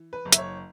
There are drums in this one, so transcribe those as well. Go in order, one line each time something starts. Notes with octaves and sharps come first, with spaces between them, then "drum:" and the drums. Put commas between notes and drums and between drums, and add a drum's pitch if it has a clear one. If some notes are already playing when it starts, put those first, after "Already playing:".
Already playing: E3
B4
F#1
E5, drum: hi-hat
C#5